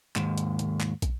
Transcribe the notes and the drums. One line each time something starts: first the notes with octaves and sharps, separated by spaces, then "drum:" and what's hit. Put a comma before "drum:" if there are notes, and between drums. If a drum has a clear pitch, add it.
D#2 G#2, drum: clap
drum: hi-hat
drum: hi-hat
drum: clap
drum: kick, hi-hat